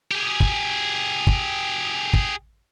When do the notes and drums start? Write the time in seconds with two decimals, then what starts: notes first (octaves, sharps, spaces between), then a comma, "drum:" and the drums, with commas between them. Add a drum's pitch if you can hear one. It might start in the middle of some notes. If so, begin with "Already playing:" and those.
0.11 G4 G#4
0.40 drum: kick
1.27 drum: kick
2.13 drum: kick